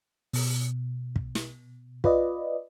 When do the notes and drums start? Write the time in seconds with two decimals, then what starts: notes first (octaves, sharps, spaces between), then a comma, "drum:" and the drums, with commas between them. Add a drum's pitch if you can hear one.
0.33 B2, drum: open hi-hat
1.16 drum: kick
1.35 drum: snare
2.04 F4 B4 D5 D#5, drum: kick